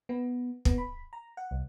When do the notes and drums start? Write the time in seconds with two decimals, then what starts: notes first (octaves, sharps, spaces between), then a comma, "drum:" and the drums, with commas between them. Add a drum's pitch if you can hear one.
0.09 B3
0.65 B3, drum: kick
0.78 B5
1.13 A#5
1.37 F#5
1.51 C2